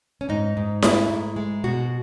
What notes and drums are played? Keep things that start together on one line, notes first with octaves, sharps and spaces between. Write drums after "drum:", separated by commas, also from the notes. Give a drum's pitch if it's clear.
C#4
G#2 D#4
G#2
A3 E4, drum: snare E4
G#2
G#3
B2 F#4